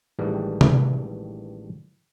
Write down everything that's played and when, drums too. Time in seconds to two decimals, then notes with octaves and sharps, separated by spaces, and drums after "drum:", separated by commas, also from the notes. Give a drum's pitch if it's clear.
0.19 A1 A2 D#3 E3 G3 G#3
0.61 drum: tom C3